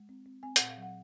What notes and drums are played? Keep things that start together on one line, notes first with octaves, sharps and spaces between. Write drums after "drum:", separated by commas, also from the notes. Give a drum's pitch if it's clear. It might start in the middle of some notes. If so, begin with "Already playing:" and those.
Already playing: G#3
C4
C4
C4 G#5
A#2 F#5, drum: hi-hat
F5
F#3
F#5